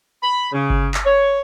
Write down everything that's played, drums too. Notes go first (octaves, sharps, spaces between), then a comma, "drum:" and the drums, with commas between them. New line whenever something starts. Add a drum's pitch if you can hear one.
B5
C#3
drum: kick G1
drum: clap
C#5